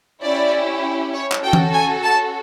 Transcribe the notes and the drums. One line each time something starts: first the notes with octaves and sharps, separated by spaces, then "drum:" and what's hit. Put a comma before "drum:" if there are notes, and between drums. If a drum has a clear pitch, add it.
C#4 E4 G4 D5
C#5
drum: clap
C#4 F#4 A4 G5
drum: tom E3
G#5
A5